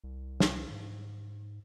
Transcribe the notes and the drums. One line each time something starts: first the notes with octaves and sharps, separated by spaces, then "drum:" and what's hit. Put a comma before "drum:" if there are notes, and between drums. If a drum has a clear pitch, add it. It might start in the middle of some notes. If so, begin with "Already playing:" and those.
C2
drum: snare
G#2